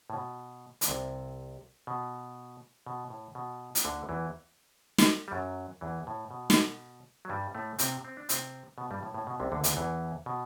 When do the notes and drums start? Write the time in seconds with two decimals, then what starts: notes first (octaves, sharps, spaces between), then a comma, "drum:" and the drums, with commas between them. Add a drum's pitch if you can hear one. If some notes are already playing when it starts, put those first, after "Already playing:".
0.10 A2
0.14 B2
0.81 D3, drum: hi-hat
0.88 C2 C3
1.87 B2
2.86 B2
3.10 A2
3.35 B2
3.75 drum: hi-hat
3.85 D2 D3
4.09 E2 E3
4.98 drum: snare
5.28 G3
5.32 F#2 F#3
5.81 E2 E3
6.07 A2
6.31 B2
6.50 drum: snare
7.25 F#3
7.30 G2 G3
7.55 A2 A3
7.79 C3 C4, drum: hi-hat
8.04 C4
8.17 D4
8.29 C3 C4, drum: hi-hat
8.78 B2 B3
8.91 G2 G3
9.03 A2
9.14 A2
9.27 B2
9.40 C2 C3
9.52 D2 D3
9.64 D2 D3, drum: hi-hat
9.76 E2 E3
10.26 B2